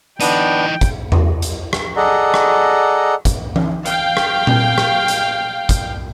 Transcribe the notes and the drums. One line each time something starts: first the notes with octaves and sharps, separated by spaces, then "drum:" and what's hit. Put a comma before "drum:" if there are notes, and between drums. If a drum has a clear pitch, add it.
E3 B3 D4 D#4 G5, drum: hi-hat
drum: kick, hi-hat
drum: tom E2
drum: hi-hat
drum: rim click
G#4 A4 D5 D#5 F#5 A#5
drum: rim click
drum: kick, hi-hat
drum: tom E3
F5 G5, drum: hi-hat
drum: rim click
drum: tom A#2
drum: rim click
drum: hi-hat
drum: kick, hi-hat